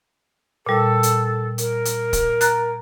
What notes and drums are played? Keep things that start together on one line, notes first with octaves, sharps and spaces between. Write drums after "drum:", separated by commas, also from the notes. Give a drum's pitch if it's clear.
A#2 G3 A4
drum: hi-hat
A#4, drum: hi-hat
drum: hi-hat
drum: kick, hi-hat
A#5 F#6 A6, drum: hi-hat